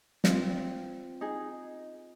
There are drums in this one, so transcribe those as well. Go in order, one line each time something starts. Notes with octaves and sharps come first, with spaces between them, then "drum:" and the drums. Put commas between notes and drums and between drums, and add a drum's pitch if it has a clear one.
C4 F4, drum: snare
D#4 G#4